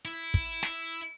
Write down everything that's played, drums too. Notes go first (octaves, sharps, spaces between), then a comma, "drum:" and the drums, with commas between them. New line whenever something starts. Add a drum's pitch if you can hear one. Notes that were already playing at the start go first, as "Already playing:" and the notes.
E4
drum: kick
drum: snare